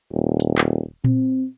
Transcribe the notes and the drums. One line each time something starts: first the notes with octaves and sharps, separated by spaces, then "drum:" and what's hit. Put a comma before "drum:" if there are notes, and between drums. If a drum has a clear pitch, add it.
D#1
drum: hi-hat
drum: clap
C4, drum: tom A#2